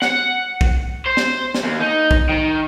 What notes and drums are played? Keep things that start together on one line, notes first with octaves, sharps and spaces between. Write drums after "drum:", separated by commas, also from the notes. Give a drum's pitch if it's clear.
F#5, drum: snare
drum: kick
C5
drum: snare
drum: snare
D#2
D#4
drum: kick
D#3